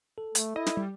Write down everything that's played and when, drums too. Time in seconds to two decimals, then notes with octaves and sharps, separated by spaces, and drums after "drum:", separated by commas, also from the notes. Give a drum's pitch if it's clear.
0.18 A4
0.35 A3, drum: hi-hat
0.56 E4 D#5
0.66 drum: snare
0.77 G3